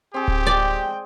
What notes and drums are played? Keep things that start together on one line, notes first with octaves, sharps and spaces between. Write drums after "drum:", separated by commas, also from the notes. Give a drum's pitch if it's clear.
C4 G4 G#4
drum: kick D1
G#3 D5 G5